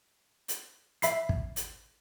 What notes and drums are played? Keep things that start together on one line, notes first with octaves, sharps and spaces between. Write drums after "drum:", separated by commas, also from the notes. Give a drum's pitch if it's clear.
drum: hi-hat
E5 B5 C7, drum: hi-hat
drum: kick
drum: hi-hat